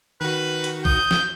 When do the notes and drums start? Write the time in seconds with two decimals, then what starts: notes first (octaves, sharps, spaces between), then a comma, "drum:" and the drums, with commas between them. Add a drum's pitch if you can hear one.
0.21 D#3 F#4 B4
0.64 drum: hi-hat
0.85 D#6 G6, drum: kick
1.11 drum: snare